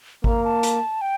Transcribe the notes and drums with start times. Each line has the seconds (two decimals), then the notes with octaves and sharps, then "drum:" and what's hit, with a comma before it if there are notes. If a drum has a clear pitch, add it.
0.24 A#3 A#5, drum: kick G#1
0.44 A5
0.63 drum: hi-hat
1.01 G5